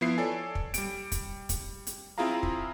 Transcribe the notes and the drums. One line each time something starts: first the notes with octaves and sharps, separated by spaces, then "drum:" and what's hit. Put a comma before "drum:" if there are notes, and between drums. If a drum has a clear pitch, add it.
F3 B3 E4 C7
A4 C#5 D5 G#5
drum: kick
G3 D7, drum: hi-hat
drum: kick, hi-hat
drum: kick, hi-hat
drum: hi-hat
C4 E4 F4 G#4 F5 A#5
drum: kick